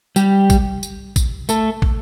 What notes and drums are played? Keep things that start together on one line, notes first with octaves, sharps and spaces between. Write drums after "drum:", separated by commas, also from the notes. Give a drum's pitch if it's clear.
G3 G4, drum: tambourine
drum: kick, tambourine
drum: tambourine
drum: kick, tambourine
A3 A4, drum: tambourine
drum: kick